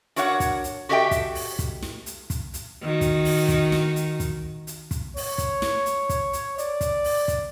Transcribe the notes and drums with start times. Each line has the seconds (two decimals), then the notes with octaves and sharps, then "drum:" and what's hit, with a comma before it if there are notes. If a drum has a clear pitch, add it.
0.16 D4 F#4 A#4 C#5 E5 F#5, drum: hi-hat
0.40 drum: kick, hi-hat
0.64 drum: hi-hat
0.89 F#4 G4 A4 D#5 E5 G5
1.11 drum: kick, hi-hat
1.35 drum: open hi-hat
1.59 drum: kick, hi-hat
1.82 drum: snare
2.06 drum: hi-hat
2.30 drum: kick, hi-hat
2.54 drum: hi-hat
2.82 D#3 F#4
3.01 drum: kick, hi-hat
3.25 drum: open hi-hat
3.48 drum: kick, hi-hat
3.72 drum: snare
3.96 drum: hi-hat
4.20 drum: kick, hi-hat
4.67 drum: hi-hat
4.91 drum: kick, hi-hat
5.17 C#5, drum: open hi-hat
5.38 drum: kick, hi-hat
5.62 drum: snare
5.86 drum: hi-hat
6.09 drum: kick, hi-hat
6.33 drum: hi-hat
6.58 D5, drum: hi-hat
6.81 drum: kick, hi-hat
7.04 drum: open hi-hat
7.28 drum: kick, hi-hat